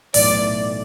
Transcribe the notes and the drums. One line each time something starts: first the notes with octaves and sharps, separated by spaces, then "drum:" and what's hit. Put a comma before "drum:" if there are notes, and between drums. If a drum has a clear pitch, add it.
B1 A2 E3 D5, drum: open hi-hat